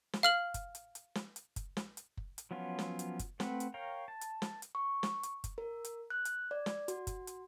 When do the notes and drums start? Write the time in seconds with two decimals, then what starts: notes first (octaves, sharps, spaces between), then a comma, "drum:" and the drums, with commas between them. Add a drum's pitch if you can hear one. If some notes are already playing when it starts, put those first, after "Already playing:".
0.13 drum: snare
0.23 F5 F6 F#7
0.54 drum: kick F#1, hi-hat
0.75 drum: hi-hat
0.95 drum: hi-hat
1.15 drum: snare
1.36 drum: hi-hat
1.56 drum: kick F#1, hi-hat
1.77 drum: snare
1.97 drum: hi-hat
2.17 drum: kick F#1
2.38 drum: hi-hat
2.51 F3 F#3 B3 C#4 F4
2.79 drum: snare
2.99 drum: hi-hat
3.19 drum: kick F#1, hi-hat
3.40 A3 C4 B4 F#5, drum: snare
3.60 drum: hi-hat
3.74 A#4 C#5 F5 G5 A#5
4.08 A5
4.21 drum: hi-hat
4.42 drum: snare
4.62 drum: hi-hat
4.75 C#6
5.03 drum: snare
5.23 drum: hi-hat
5.44 drum: kick F#1, hi-hat
5.58 A#4
5.84 drum: hi-hat
6.10 F#6
6.25 drum: hi-hat
6.51 D5
6.66 drum: snare
6.88 F#4, drum: hi-hat
7.07 drum: kick F#1, hi-hat
7.27 drum: hi-hat